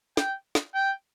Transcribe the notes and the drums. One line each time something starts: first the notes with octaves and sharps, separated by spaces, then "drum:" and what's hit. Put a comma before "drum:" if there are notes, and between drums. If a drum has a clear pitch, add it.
G5, drum: snare
drum: snare
G5